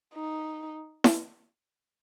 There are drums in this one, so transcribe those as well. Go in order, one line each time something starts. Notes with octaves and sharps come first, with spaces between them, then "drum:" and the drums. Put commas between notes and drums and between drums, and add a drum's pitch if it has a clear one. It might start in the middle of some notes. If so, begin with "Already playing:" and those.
D#4
drum: snare E4